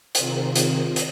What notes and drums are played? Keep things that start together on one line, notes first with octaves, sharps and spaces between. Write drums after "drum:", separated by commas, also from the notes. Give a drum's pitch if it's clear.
C3 D#3 C4 F4 G#4 A#4, drum: hi-hat
drum: hi-hat
drum: hi-hat